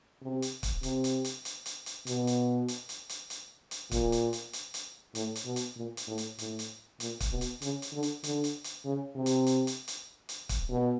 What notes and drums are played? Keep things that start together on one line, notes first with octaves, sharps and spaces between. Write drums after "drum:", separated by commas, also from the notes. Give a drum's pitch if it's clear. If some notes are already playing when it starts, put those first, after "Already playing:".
C3
drum: hi-hat
drum: kick, hi-hat
C3, drum: hi-hat
drum: hi-hat
drum: hi-hat
drum: hi-hat
drum: hi-hat
drum: hi-hat
B2, drum: hi-hat
drum: hi-hat
drum: hi-hat
drum: hi-hat
drum: hi-hat
drum: hi-hat
drum: hi-hat
A#2, drum: kick, hi-hat
drum: hi-hat
drum: hi-hat
drum: hi-hat
drum: hi-hat
A2, drum: hi-hat
drum: hi-hat
B2
drum: hi-hat
A#2
drum: hi-hat
A2
drum: hi-hat
A2, drum: hi-hat
drum: hi-hat
A#2, drum: hi-hat
drum: kick, hi-hat
B2
drum: hi-hat
C#3, drum: hi-hat
drum: hi-hat
D3
drum: hi-hat
D3, drum: hi-hat
drum: hi-hat
drum: hi-hat
C#3
C3
drum: hi-hat
drum: hi-hat
drum: hi-hat
drum: hi-hat
drum: hi-hat
drum: kick, hi-hat
B2